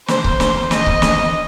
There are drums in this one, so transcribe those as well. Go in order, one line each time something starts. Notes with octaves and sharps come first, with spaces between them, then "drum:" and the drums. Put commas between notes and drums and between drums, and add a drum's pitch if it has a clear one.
C5, drum: snare
drum: kick C#1
drum: snare
D#5, drum: snare
drum: kick C#1
drum: snare